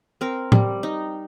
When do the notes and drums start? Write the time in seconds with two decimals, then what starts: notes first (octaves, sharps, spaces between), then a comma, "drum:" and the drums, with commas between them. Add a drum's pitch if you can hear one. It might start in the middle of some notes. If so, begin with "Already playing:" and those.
0.21 C4 A#4
0.52 G3, drum: tom A2
0.83 D#4